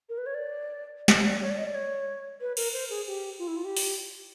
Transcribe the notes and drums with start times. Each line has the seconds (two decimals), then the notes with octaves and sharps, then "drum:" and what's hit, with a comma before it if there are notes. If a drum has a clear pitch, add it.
0.09 A#4
0.18 B4
0.26 C#5
0.34 D5
1.08 D#5, drum: snare
1.25 D5
1.41 C#5
1.50 D5
1.58 D#5
1.66 D5
1.74 C#5
2.41 B4
2.57 A#4, drum: cymbal
2.73 C5
2.90 G#4
3.07 G4
3.39 F4
3.48 E4
3.56 F4
3.64 G4
3.77 drum: open hi-hat